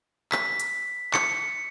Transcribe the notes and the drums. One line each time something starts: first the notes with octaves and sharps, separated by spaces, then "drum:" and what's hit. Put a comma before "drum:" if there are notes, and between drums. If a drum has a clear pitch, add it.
B6, drum: clap
drum: hi-hat
C#7, drum: clap